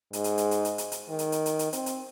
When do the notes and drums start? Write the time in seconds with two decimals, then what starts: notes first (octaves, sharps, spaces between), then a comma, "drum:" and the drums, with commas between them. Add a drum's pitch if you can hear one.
0.13 G#2, drum: hi-hat
0.24 drum: hi-hat
0.38 drum: hi-hat
0.51 drum: hi-hat
0.65 drum: hi-hat
0.78 drum: hi-hat
0.92 drum: hi-hat
1.09 D#3
1.19 drum: hi-hat
1.32 drum: hi-hat
1.46 drum: hi-hat
1.59 drum: hi-hat
1.73 C4, drum: hi-hat
1.86 drum: hi-hat